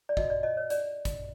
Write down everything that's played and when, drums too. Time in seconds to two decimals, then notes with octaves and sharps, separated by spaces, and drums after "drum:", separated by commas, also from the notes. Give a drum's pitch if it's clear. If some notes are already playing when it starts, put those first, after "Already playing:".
0.09 D5
0.17 F#4 D#5, drum: kick
0.30 D5
0.43 C#5 D#5
0.57 C#5
0.70 C#5 D5, drum: hi-hat
1.05 drum: kick, hi-hat